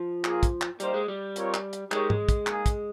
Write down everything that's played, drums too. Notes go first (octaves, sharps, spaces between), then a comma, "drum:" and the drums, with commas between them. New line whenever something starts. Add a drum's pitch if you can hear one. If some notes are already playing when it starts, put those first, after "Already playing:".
Already playing: F3
A#3 F4 G#4, drum: clap
drum: kick, hi-hat
drum: clap
G3 A#3 D#4 G4 C5, drum: hi-hat
G#3
G3
C4 F4 A#4 C#5, drum: hi-hat
drum: clap
drum: hi-hat
G#3 D#4 G4 A#4 C#5, drum: clap
drum: tom
drum: kick, hi-hat
A#3 D#4 G#4, drum: clap
drum: kick, hi-hat